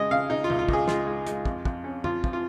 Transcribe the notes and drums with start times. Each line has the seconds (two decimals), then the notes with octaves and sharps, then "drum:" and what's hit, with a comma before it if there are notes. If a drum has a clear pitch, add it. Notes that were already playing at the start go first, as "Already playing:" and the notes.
Already playing: C#3 G#3 D#5
0.11 C#3 F5
0.30 C#3 D#4
0.44 F4
0.50 C#2, drum: tom
0.59 F4
0.69 C#2 G#4, drum: kick
0.88 G#3 F4, drum: snare
1.07 G#3
1.27 G#3, drum: hi-hat
1.45 F2, drum: kick
1.65 F2, drum: kick
1.84 C#4
2.04 F2 F4, drum: tom
2.24 F3, drum: kick
2.33 F4